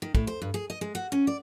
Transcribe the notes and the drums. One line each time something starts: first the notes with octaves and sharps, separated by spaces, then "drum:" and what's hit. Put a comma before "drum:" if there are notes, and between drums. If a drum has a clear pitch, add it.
D#3
A2, drum: kick
C5
G2
G#4
D#5
G#3
F#4
C#4
D5